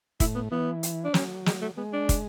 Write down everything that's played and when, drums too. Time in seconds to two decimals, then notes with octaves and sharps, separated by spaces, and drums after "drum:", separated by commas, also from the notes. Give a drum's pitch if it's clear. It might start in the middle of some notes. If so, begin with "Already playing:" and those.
0.20 A2 E4, drum: kick, hi-hat
0.35 B3
0.51 E3 B3
0.83 drum: hi-hat
1.04 D4
1.14 F#3 C#4, drum: snare
1.46 G#3, drum: snare
1.62 A3
1.77 G#3 B3
1.93 D4
2.09 drum: kick, hi-hat